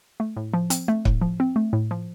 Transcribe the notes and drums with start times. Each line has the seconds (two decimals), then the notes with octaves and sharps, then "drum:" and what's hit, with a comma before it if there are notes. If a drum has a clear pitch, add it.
0.20 A3
0.37 A2
0.54 F3
0.70 C4, drum: hi-hat
0.88 A3
1.05 A2, drum: kick
1.21 F3
1.40 C4
1.56 A3
1.73 A2
1.91 F3